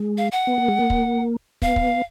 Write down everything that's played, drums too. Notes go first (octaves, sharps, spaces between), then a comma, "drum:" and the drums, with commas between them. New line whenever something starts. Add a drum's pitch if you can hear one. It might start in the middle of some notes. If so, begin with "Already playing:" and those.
Already playing: G#3
F5
F#5
B3
A#3
G#3
A#3
drum: kick
B3 F5, drum: kick
drum: kick